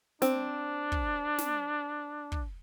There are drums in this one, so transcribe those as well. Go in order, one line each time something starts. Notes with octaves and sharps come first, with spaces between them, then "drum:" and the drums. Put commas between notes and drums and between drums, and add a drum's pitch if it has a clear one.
C4 D4, drum: snare
drum: kick
drum: snare
drum: kick